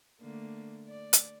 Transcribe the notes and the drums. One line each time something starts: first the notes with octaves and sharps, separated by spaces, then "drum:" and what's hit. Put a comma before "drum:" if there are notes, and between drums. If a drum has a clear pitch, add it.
D3 A3 A#3
D5
drum: hi-hat